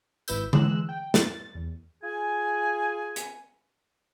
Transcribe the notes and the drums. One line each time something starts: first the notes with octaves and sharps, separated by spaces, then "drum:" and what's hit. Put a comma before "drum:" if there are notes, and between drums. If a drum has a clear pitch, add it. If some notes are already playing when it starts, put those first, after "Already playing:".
G#1 E4 B4 E6 G6, drum: tambourine
E3 G#3 E6 F#6, drum: tom D3
G5
A6, drum: snare
E2
F4 G#4 G#5
drum: hi-hat